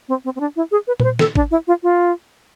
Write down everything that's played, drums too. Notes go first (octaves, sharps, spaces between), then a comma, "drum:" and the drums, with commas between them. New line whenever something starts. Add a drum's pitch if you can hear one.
C4
C4
C4
D4
E4
G#4
B4
B4, drum: tom A#2
C5
A4, drum: snare
D4, drum: kick
E4
F4
F4